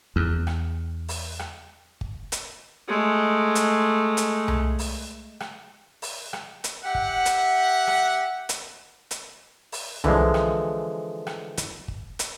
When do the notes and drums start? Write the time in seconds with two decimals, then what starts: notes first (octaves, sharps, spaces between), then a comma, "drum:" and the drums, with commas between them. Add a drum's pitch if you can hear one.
0.16 E2
0.47 drum: rim click
1.08 drum: open hi-hat
1.39 drum: rim click
2.01 drum: kick G1
2.32 drum: hi-hat
2.88 G#3 A3
3.55 drum: hi-hat
4.17 drum: hi-hat
4.48 drum: tom C2
4.79 drum: open hi-hat
5.40 drum: rim click
6.02 drum: open hi-hat
6.33 drum: rim click
6.64 drum: hi-hat
6.85 G4 E5 F#5
6.95 drum: kick G1
7.26 drum: hi-hat
7.87 drum: rim click
8.49 drum: hi-hat
9.11 drum: hi-hat
9.72 drum: open hi-hat
10.04 D3 E3 F3 G#3, drum: tom C2
10.34 drum: rim click
11.27 drum: rim click
11.57 drum: hi-hat
11.88 drum: kick G1
12.19 drum: hi-hat